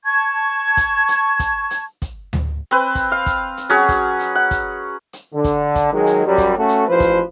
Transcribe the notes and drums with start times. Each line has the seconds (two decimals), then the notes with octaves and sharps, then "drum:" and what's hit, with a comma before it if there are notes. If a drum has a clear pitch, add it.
0.05 A5 C#6 G#6
0.77 drum: kick, hi-hat
1.08 drum: hi-hat
1.39 drum: kick, hi-hat
1.71 drum: hi-hat
2.02 drum: kick, hi-hat
2.33 drum: tom D2
2.71 C4 B4
2.95 drum: kick, hi-hat
3.12 F5
3.26 drum: kick, hi-hat
3.57 drum: hi-hat
3.69 F#3 C#4 F#4 G#4
3.89 drum: kick, hi-hat
4.20 drum: hi-hat
4.35 F#5
4.51 drum: kick, hi-hat
5.13 drum: hi-hat
5.34 D3
5.44 drum: kick, hi-hat
5.75 drum: kick, hi-hat
5.92 D#3 F#3 G#3
6.07 drum: hi-hat
6.26 F#2 F#3 G3
6.38 drum: kick, hi-hat
6.57 A3 C#4 F#4 A4
6.69 drum: hi-hat
6.88 A1 F3 B4 C5
7.00 drum: kick, hi-hat